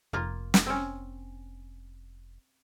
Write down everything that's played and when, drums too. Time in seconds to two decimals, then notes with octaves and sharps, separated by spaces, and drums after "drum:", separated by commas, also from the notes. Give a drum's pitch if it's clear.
0.13 F1 A#3 F4
0.54 drum: snare
0.66 C4 C#4